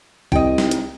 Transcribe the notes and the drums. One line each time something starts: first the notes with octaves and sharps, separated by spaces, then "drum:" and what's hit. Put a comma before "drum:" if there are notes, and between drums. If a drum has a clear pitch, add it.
C2 D#5 G5, drum: kick B1
drum: snare
drum: hi-hat